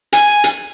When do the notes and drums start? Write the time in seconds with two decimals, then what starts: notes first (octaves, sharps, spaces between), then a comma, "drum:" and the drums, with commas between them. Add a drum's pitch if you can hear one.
0.12 G#5, drum: hi-hat
0.44 drum: hi-hat